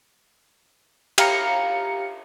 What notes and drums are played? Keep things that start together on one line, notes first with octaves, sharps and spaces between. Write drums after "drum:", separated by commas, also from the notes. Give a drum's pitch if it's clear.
G4 F5 A#5 C#7, drum: cymbal